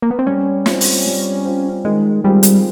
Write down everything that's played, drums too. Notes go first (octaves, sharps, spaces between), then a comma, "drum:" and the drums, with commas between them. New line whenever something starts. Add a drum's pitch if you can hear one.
A#3
B3
C4
G3 C#4
C4 F4, drum: snare
drum: open hi-hat
G3
C4 F4
D#3 G#3
G3 G#3 C4 F4
drum: hi-hat